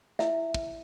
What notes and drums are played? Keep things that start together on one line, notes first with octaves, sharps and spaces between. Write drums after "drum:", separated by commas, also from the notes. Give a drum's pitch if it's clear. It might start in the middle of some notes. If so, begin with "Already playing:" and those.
E4 E5, drum: snare
drum: kick